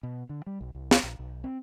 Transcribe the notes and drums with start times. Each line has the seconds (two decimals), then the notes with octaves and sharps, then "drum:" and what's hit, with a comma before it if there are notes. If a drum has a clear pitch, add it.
0.03 B2
0.29 D3
0.47 G3
0.61 B1
0.75 C2
0.91 drum: snare
1.03 A#1
1.19 B1
1.44 C4